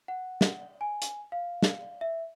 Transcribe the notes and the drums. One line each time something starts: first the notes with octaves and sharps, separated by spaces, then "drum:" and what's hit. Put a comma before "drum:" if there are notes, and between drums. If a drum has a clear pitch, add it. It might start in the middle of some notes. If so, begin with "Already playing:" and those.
F#5
drum: snare
G#5
drum: hi-hat
F5
drum: snare
E5